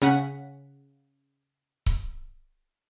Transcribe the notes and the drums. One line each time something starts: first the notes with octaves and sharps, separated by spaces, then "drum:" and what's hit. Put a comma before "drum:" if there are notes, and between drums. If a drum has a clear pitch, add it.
C#3 C#4 F#5 B6, drum: hi-hat
drum: kick C#1